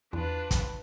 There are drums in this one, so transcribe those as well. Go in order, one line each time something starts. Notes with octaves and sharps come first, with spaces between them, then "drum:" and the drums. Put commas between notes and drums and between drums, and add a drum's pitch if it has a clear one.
E2 D4 F4 B4
drum: kick, hi-hat